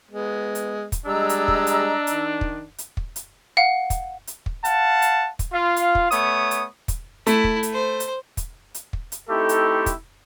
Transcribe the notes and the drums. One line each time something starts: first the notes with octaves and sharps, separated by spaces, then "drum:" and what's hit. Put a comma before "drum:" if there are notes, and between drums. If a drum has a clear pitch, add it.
G#3 B3
drum: hi-hat
drum: kick, hi-hat
G3 G#3 D4 D#5 A#5 E6
drum: hi-hat
drum: kick
drum: hi-hat
D#3, drum: hi-hat
drum: kick
drum: hi-hat
drum: kick
drum: hi-hat
F5 F#5
drum: kick, hi-hat
drum: hi-hat
drum: kick
F5 F#5 A5, drum: hi-hat
drum: hi-hat
drum: kick, hi-hat
F4 F5
drum: hi-hat
drum: kick
A3 B3 C#5 D#6, drum: hi-hat
drum: hi-hat
drum: kick, hi-hat
A3 E4, drum: hi-hat
drum: kick
drum: hi-hat
C5
drum: hi-hat
drum: kick, hi-hat
drum: hi-hat
drum: kick
drum: hi-hat
A3 C4 D#4 E4 G4 A4
drum: hi-hat
drum: kick, hi-hat